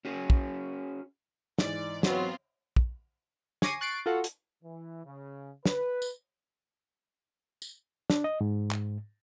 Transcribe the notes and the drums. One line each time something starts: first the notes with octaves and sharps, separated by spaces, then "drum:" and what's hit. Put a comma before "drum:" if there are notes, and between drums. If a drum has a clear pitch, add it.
C#4 F#4 G#4
drum: kick
G#2 E3 D5, drum: snare
F#3 B3 C4 F4, drum: snare
drum: kick
G#5 C#6 D6 A#6 C7 D#7, drum: snare
C#6 F#6 A6 C7 D7
F4 F#4 A4 F#5
drum: hi-hat
E3
C#3
B4, drum: snare
drum: tambourine
drum: tambourine
D4, drum: snare
D#5
G#2
drum: clap